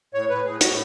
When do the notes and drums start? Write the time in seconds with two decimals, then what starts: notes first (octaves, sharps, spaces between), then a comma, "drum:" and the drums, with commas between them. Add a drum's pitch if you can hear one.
0.14 A2 C#5
0.29 A2 B4
0.45 A2 G#4
0.61 A2 F#4, drum: hi-hat